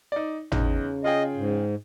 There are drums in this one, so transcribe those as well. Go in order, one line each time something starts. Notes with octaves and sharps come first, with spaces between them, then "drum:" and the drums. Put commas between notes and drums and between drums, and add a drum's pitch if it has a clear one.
D#4 D5
E2 C#3 D#4, drum: tom G#1
F4 G#4 D#5 G5
G#2